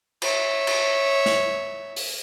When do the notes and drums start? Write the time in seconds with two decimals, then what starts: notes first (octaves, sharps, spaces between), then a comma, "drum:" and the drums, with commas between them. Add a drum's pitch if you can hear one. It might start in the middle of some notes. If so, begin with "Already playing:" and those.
0.22 C#5 E5, drum: cymbal
0.67 drum: cymbal
1.26 drum: snare
1.96 drum: open hi-hat